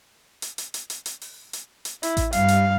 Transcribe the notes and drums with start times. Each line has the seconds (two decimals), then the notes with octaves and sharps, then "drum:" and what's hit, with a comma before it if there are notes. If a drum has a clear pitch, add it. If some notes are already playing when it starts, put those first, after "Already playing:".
0.42 drum: hi-hat
0.58 drum: hi-hat
0.74 drum: hi-hat
0.90 drum: hi-hat
1.06 drum: hi-hat
1.22 drum: open hi-hat
1.53 drum: hi-hat
1.85 drum: hi-hat
2.03 E4, drum: hi-hat
2.17 drum: kick A1, hi-hat
2.33 G2 G3 F5, drum: hi-hat
2.48 drum: hi-hat